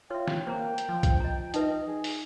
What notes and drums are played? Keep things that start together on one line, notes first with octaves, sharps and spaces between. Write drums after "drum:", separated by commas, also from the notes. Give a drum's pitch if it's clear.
F4 C#5 E5 G5
drum: snare
A#3 C5 A#5
drum: hi-hat
F3
drum: kick B1, hi-hat
D#5 A#5
D#4 B4 D#5 E5, drum: hi-hat
G#4
drum: open hi-hat